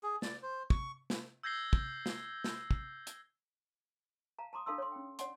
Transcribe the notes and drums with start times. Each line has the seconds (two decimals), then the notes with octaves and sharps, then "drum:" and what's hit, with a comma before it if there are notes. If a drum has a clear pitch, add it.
0.03 G#4
0.22 D5, drum: snare
0.42 C5
0.70 C#6, drum: kick
1.10 drum: snare
1.43 E6 G6 G#6 A#6 C7 G7
1.73 drum: kick
2.06 drum: snare
2.44 drum: snare
2.71 drum: kick
3.07 drum: hi-hat
4.39 F5 A5 A#5
4.53 A5 A#5 C6 D6 D#6
4.66 D4 A4 F5 A5 C6 E6
4.78 C#5 C6
4.92 C#4 G5
5.19 C#5 D5 F#5 G#5 C6, drum: hi-hat